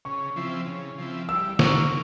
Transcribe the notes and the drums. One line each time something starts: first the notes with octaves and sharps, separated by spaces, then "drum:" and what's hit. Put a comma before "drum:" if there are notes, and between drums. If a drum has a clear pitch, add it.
C#3 C#6
F3 C4 E4
C#3
F3 C4 E4
G3 E6
A#3 F4 C#6, drum: snare